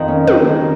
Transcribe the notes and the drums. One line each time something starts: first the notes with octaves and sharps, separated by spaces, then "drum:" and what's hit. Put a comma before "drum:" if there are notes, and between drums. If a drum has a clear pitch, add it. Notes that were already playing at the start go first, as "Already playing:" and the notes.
Already playing: F2 D#3
C#4
D#3, drum: tom
D#3